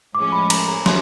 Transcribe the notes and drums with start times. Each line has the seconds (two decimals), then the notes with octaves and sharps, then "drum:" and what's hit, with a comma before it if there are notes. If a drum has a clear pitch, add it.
0.14 A2 F3 G#3 C#4 D6
0.32 B5
0.50 A#5, drum: cymbal
0.68 A#5
0.86 C6, drum: snare